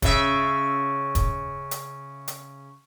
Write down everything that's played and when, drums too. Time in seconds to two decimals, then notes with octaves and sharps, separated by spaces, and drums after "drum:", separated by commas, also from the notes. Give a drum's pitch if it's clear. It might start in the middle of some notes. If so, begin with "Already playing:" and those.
0.02 C#3 E5, drum: kick, hi-hat
1.15 drum: kick, hi-hat
1.71 drum: hi-hat
2.28 drum: hi-hat